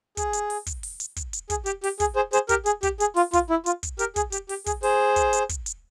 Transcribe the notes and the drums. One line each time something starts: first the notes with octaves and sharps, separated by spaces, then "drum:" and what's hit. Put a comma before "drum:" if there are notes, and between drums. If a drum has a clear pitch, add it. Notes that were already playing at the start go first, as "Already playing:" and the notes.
G#4, drum: kick, hi-hat
drum: hi-hat
drum: open hi-hat
drum: kick, hi-hat
drum: open hi-hat
drum: hi-hat
drum: kick, hi-hat
drum: hi-hat
G#4, drum: kick, hi-hat
G4, drum: hi-hat
G4, drum: open hi-hat
G#4, drum: kick, hi-hat
G#4 C5
G#4 C5, drum: hi-hat
G4 A#4, drum: kick, hi-hat
G#4, drum: hi-hat
G4, drum: kick, hi-hat
G#4, drum: hi-hat
F4, drum: open hi-hat
F4, drum: kick, hi-hat
E4
F4, drum: hi-hat
drum: kick, hi-hat
G4 A#4, drum: hi-hat
G#4, drum: kick, hi-hat
G4, drum: hi-hat
G4, drum: open hi-hat
G#4, drum: kick, hi-hat
G#4 C5, drum: open hi-hat
drum: kick, hi-hat
drum: hi-hat
drum: kick, hi-hat
drum: hi-hat